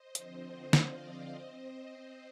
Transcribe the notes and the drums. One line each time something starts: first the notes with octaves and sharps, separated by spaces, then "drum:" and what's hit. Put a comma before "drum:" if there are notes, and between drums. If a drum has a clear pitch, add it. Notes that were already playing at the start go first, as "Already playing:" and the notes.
Already playing: C5 D#5
D3 F3 C4, drum: hi-hat
C5 D#5
D5 F5, drum: snare
C4 C5 D#5